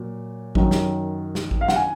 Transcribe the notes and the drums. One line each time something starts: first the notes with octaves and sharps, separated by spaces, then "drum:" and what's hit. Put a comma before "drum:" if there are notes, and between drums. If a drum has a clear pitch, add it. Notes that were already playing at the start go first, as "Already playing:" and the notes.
Already playing: A#2 F#3
F#2 D#3 F#3, drum: kick A1
drum: snare
drum: snare
drum: kick A1
F5
F#5, drum: snare
G#5